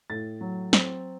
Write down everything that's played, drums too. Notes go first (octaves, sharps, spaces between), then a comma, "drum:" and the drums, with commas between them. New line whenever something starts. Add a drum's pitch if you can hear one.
A2 A6
F#3
C4, drum: snare